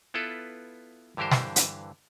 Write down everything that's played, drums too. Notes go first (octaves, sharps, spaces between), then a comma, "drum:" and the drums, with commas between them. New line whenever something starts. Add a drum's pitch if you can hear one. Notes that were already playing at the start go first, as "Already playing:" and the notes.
B3 E4 F4 A4 B4
G2 D3 E3 G4 A#4 C5
drum: snare
drum: hi-hat